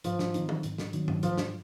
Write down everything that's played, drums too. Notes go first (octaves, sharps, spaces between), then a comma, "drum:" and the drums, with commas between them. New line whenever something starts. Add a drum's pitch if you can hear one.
G#2 F3, drum: hi-hat
drum: snare
D#3 F#3 C4 D#4, drum: hi-hat
drum: tom
G#2, drum: hi-hat
drum: snare
D#3 F#3 C4 D#4, drum: hi-hat
drum: tom
G#2 F3, drum: hi-hat
drum: snare